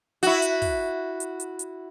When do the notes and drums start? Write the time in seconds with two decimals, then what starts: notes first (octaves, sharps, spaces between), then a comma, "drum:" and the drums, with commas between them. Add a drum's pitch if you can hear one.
0.23 E4 F#4, drum: hi-hat
0.42 drum: hi-hat
0.62 drum: kick, open hi-hat
1.20 drum: hi-hat
1.40 drum: hi-hat
1.59 drum: hi-hat